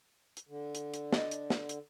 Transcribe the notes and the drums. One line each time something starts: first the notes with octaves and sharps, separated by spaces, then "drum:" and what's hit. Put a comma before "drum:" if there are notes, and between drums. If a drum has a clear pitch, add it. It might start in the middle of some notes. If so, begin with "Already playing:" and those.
drum: hi-hat
D3
drum: hi-hat
drum: hi-hat
D5 D#5, drum: snare
drum: hi-hat
drum: snare
drum: hi-hat